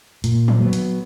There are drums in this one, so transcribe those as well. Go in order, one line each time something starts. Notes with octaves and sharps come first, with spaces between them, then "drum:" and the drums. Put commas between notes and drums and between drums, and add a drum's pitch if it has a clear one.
A#2, drum: hi-hat
drum: tom
F#3 B3
drum: hi-hat